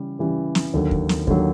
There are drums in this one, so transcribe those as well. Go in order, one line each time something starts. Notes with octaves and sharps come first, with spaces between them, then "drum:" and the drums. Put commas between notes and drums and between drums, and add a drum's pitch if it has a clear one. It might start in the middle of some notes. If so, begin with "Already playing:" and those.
Already playing: C#3 E3 G3
C#3 E3 G3
drum: snare
D#2 D3 F#3
drum: kick
drum: snare
D#2 D3 F#3, drum: kick